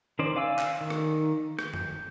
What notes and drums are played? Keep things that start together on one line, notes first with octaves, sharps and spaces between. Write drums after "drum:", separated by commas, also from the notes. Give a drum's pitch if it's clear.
D#3 C#4 C5 D5
D5 F5 G#5 D6 E6
drum: clap
D#3
drum: rim click
G6, drum: rim click
drum: tom